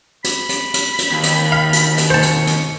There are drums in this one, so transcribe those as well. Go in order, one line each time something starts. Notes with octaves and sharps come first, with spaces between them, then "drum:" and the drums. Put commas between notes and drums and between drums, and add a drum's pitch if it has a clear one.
B5, drum: hi-hat
drum: hi-hat
drum: hi-hat
drum: hi-hat
D#2
drum: hi-hat
F5
drum: hi-hat
drum: hi-hat
C5 A5 C#6
drum: hi-hat
drum: hi-hat